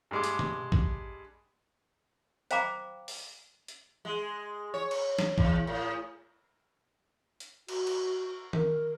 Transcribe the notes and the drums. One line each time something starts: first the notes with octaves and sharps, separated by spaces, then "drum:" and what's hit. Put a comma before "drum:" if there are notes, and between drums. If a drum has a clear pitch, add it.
G2 G#3 D6
drum: hi-hat
drum: tom B2
drum: kick
C5 F5 G5 A#5 B5 D6, drum: hi-hat
drum: open hi-hat
drum: hi-hat
G#3
C#5
drum: cymbal
drum: snare
E2, drum: kick
A2
drum: hi-hat
F#4, drum: cymbal
drum: cymbal
A#4, drum: tom D#3